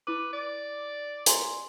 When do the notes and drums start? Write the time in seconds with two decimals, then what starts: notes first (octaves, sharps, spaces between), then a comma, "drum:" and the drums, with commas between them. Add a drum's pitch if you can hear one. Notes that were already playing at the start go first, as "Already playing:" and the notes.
0.07 E4 B4 D6
0.33 D5
1.26 G#5 A#5 C6, drum: hi-hat